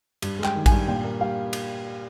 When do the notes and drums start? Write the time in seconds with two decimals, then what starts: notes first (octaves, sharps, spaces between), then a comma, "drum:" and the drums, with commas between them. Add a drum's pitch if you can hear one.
0.22 G2, drum: cymbal
0.39 G#3
0.44 G5, drum: clap
0.55 D#3
0.66 G#5, drum: kick A1, cymbal
0.71 G2
0.88 A#2 G5
1.04 A#3
1.20 G3 F5
1.53 drum: cymbal